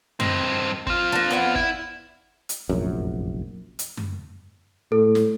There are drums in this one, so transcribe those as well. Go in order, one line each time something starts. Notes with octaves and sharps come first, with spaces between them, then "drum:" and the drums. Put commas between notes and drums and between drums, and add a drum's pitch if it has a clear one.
G2 D#3 C4, drum: tom F#2
C4 F4, drum: kick
A#3 D4
B3 D4 F#5
E4, drum: kick
drum: hi-hat
F1 A#1 F#2
drum: hi-hat
drum: tom F#2
A2 A4
drum: snare